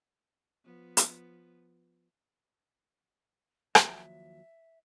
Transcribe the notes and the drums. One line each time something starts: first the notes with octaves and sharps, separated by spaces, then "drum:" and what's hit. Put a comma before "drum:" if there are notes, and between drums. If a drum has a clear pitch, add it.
F3 B3
drum: hi-hat
D#2 F3 F#3 E5, drum: rim click